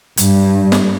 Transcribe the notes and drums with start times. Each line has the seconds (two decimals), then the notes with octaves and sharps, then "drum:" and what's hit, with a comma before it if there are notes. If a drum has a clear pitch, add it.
0.17 G2, drum: hi-hat
0.72 drum: snare